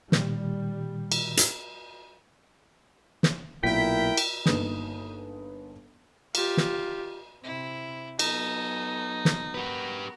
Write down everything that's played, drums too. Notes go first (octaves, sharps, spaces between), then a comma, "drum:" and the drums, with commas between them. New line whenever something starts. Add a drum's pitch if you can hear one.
A#2 D#3 G3, drum: snare
drum: cymbal
drum: hi-hat
drum: snare
B1 A#2 E4 A#4 G5 B6
drum: cymbal
G1 A#3 D#4 B4 D#6, drum: snare
F4 G4, drum: cymbal
drum: snare
C3 C4 E4
F#3 B3 D#4 A4 G#5, drum: cymbal
drum: snare
F#4 G4 A#4 B4